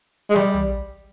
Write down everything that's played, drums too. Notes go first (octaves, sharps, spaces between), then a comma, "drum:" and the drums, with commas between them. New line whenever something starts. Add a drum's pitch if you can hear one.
G#3
G3, drum: snare
drum: tom